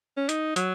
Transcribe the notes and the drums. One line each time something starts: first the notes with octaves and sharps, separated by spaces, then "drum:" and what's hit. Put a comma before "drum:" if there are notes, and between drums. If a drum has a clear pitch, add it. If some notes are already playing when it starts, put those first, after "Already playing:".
C#4
D#4, drum: hi-hat
F#3, drum: hi-hat